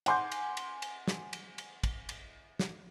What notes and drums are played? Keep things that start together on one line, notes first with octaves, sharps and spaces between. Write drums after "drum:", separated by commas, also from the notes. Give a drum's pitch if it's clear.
F#5 G#5 C6 D6 G6, drum: cymbal
drum: cymbal
drum: cymbal
drum: cymbal
drum: snare
drum: cymbal
drum: cymbal
drum: kick, cymbal
drum: cymbal
drum: snare